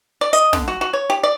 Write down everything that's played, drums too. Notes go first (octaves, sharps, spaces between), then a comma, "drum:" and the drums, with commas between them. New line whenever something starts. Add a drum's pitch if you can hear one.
D5
D#5, drum: hi-hat
D3, drum: snare
F#4
F#4
C#5
G4
D5